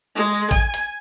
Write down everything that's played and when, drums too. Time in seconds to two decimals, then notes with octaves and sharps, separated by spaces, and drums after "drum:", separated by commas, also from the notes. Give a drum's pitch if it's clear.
0.15 G#3
0.51 G#5, drum: kick, hi-hat
0.74 drum: hi-hat